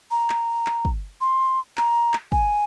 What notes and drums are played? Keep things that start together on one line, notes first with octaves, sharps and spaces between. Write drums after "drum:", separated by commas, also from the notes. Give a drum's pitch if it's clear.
A#5
drum: clap
drum: clap
drum: kick
C6
A#5, drum: clap
drum: clap
G#5, drum: kick